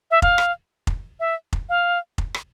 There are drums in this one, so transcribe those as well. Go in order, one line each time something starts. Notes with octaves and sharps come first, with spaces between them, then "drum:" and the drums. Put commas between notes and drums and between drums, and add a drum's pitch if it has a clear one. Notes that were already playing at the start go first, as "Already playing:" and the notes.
E5
F5, drum: kick F1
drum: rim click
drum: kick F1
E5
drum: kick F1
F5
drum: kick F1
drum: rim click